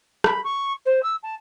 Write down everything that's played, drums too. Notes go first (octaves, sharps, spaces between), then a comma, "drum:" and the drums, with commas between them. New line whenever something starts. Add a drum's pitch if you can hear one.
B5, drum: rim click
C#6
C5
E6
A5